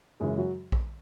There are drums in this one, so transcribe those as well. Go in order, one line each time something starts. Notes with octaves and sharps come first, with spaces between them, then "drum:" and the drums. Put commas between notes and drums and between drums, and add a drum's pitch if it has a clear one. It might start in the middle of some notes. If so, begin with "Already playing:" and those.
F#2 C#3 E3 G#3 G#4
F#3 F#4
drum: kick A#1